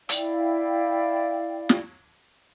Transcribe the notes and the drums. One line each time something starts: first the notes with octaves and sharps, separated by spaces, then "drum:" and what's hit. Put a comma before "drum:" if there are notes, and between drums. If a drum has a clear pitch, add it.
E4 D5 F5 G5, drum: hi-hat
drum: snare